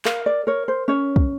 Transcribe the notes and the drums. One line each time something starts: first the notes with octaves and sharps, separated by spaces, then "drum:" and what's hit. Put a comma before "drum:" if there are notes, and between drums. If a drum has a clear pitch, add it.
A#4 F5, drum: clap
D5
A#4 C#5
C5
C#4 C#5
drum: kick